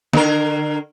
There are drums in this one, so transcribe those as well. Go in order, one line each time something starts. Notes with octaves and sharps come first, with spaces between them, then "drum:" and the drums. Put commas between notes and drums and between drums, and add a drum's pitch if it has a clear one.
D3 A#4, drum: snare